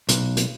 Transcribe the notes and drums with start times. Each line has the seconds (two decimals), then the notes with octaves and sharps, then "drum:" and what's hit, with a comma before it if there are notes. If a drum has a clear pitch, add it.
0.09 B1, drum: hi-hat
0.37 drum: hi-hat